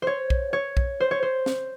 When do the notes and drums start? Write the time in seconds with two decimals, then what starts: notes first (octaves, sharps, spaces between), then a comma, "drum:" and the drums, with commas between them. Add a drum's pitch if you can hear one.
0.02 C5 C#5
0.30 drum: kick
0.53 C#5
0.77 drum: kick
1.00 C5
1.11 C#5
1.23 C5
1.46 drum: snare